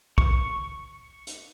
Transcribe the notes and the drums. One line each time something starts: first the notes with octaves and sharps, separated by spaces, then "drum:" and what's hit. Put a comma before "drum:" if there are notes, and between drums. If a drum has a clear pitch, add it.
C#6, drum: kick
drum: hi-hat